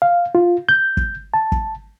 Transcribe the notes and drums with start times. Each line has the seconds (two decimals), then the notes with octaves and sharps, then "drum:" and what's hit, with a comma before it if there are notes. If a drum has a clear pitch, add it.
0.02 F5
0.35 F4
0.69 G6
0.97 drum: kick
1.34 A5
1.52 drum: kick